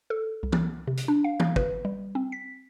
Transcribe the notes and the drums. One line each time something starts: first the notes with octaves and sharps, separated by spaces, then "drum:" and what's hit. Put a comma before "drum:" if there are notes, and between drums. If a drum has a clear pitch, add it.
A4
C2
drum: tom
C3
drum: hi-hat
D4
F5
drum: tom
B4, drum: kick
G3
C4
B6